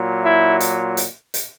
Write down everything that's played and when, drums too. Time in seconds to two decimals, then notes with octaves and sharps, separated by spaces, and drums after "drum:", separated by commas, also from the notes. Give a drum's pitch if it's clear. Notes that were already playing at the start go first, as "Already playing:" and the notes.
Already playing: A#2 F#3
0.24 E4
0.60 drum: hi-hat
0.97 drum: hi-hat
1.34 drum: hi-hat